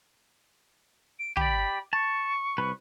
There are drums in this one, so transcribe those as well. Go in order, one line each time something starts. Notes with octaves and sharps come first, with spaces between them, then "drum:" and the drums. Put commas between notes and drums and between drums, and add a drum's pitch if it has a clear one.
D7
G4 D5 B5, drum: tom
A5 C#6
C2 B4